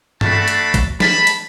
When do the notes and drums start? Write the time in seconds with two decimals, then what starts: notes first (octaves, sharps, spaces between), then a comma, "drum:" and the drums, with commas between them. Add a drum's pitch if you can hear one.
0.21 A3 D4 F#4 A5 B5, drum: tom G2
0.48 drum: hi-hat
0.74 drum: kick, hi-hat
1.00 A5 B5, drum: snare
1.27 drum: hi-hat